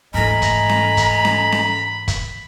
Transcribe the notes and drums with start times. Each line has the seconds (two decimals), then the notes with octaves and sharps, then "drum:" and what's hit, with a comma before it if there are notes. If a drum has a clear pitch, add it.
0.14 G#2 E3 A3 D#5 G#5 A#5 B5
0.42 drum: kick, hi-hat
0.69 drum: snare C#4
0.97 drum: kick, hi-hat
1.25 drum: snare C#4
1.52 drum: snare C#4
2.08 drum: kick, hi-hat